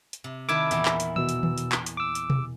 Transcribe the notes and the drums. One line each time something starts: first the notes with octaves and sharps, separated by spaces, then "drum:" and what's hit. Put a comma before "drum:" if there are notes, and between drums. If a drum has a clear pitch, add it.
drum: hi-hat
C3
D#3 E4 A5 D6 E6 G#6
E2 A#2 E4, drum: hi-hat
drum: clap
drum: hi-hat
B2 E6, drum: tom D#3
drum: hi-hat
drum: tom D#3
drum: hi-hat
drum: clap
drum: hi-hat
D6 E6
drum: hi-hat
drum: tom B2